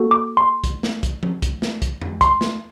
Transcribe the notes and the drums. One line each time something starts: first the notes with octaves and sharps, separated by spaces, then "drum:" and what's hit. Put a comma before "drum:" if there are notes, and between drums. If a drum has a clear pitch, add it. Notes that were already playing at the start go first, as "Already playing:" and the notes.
Already playing: A#3 F#4 A4
D6
C6
drum: kick, hi-hat
drum: snare
drum: kick, hi-hat
drum: tom F3
drum: kick, hi-hat
drum: snare
drum: kick, hi-hat
drum: tom F2
C6, drum: kick, hi-hat
drum: snare